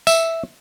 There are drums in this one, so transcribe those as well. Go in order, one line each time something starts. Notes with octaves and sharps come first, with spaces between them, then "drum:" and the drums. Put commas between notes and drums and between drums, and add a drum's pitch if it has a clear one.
E5, drum: tambourine